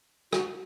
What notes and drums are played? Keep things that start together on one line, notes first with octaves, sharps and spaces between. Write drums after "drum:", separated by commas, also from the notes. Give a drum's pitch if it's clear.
F#4, drum: rim click